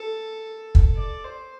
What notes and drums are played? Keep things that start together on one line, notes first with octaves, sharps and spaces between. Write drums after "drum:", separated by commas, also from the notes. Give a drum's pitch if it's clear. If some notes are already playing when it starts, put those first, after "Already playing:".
Already playing: A4
drum: kick
D5
C5